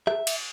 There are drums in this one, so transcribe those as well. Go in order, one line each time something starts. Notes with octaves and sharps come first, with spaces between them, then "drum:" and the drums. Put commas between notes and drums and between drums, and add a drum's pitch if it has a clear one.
E5, drum: rim click
drum: cymbal